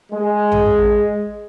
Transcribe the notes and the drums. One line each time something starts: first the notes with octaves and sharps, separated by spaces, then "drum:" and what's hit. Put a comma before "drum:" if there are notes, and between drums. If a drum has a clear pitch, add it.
G#3
drum: tom A1